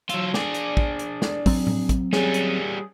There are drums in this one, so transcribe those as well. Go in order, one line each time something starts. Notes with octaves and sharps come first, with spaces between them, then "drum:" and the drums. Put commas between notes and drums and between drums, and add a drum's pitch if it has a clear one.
F#3 F4 E6, drum: hi-hat
D4 G#4 D5, drum: snare
drum: hi-hat
drum: kick
drum: hi-hat
drum: snare
F#3 C4, drum: kick, open hi-hat
drum: tom A2
drum: kick, hi-hat
G3 C#4 G#4, drum: snare
drum: hi-hat